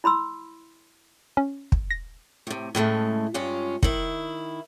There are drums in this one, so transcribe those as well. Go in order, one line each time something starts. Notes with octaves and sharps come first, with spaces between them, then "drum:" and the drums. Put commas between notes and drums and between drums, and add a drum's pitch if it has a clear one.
E4 B5 C6 E6
C#4
drum: kick
A#6
A2 C3
A2 C#3 G#3 A3
G2 G#3 C#4 F4
D#3 E4, drum: kick